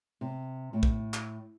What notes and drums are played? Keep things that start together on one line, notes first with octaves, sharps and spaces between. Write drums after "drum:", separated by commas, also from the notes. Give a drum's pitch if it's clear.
C3
A2
drum: kick
drum: clap